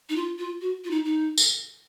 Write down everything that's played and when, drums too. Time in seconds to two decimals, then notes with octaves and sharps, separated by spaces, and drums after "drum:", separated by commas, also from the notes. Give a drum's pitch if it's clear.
0.09 D#4
0.16 F4
0.39 F4
0.61 F#4
0.84 F4
0.91 D#4
1.05 D#4
1.38 drum: tambourine